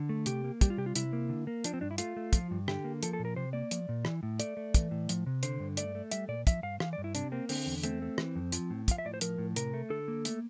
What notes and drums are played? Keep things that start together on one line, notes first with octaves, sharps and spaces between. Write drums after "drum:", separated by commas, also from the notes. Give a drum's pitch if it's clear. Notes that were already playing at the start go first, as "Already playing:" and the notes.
Already playing: D3
A3
C3 G4, drum: hi-hat
A#3
G3 G4, drum: kick, hi-hat
F4
C3 G4
F4
C3 E4, drum: hi-hat
A#3
D3
A#3
F3 D4, drum: hi-hat
C4
G2 D4
E4
A3 F4, drum: hi-hat
A3
F3, drum: kick, hi-hat
G2
D3 G4, drum: rim click
A#3
F3 A4, drum: hi-hat
A4
A#2
A#4
C3 C5
A#3 D5
F3, drum: hi-hat
A#2
E3, drum: rim click
A2
A3 D5, drum: hi-hat
A3
E3, drum: kick, hi-hat
A2
F3, drum: hi-hat
C3
D3 C5, drum: hi-hat
G2
A3 D5, drum: hi-hat
A3
G3 E5, drum: hi-hat
A#2 D5
F3 E5, drum: kick, hi-hat
G2 F5
E3 F5, drum: rim click
D5
G2
E4
C3 D4, drum: hi-hat
A#3 C4
D3 C4, drum: open hi-hat
E2
A3 C4, drum: hi-hat
A3
E3, drum: rim click
F2
F3, drum: hi-hat
A2
F3 F5, drum: kick, hi-hat
E5
A2 D5
C5
F3 A#4, drum: hi-hat
A2
C3 A#4, drum: hi-hat
A3
D3 A4
A#3
A3, drum: hi-hat